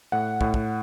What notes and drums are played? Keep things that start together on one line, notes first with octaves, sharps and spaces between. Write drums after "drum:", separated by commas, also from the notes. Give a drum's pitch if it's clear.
A2 F#5
A2, drum: kick
drum: kick